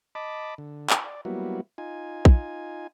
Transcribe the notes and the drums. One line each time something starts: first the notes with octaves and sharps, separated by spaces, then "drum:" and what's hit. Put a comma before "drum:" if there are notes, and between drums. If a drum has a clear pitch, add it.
D#5 A5 B5 D6
D3
drum: clap
D5
F#3 G3 A#3 B3 E4 F#4
D#4 F4 G#5
drum: kick A#1